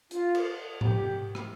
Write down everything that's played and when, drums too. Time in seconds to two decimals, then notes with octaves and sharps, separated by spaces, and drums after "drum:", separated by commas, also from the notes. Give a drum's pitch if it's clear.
0.11 F4, drum: hi-hat
0.35 drum: cymbal
0.81 G4, drum: tom G#2
1.35 drum: rim click